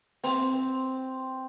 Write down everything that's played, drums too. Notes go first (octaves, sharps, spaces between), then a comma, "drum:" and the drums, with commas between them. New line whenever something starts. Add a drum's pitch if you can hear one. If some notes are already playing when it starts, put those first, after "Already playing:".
C4, drum: open hi-hat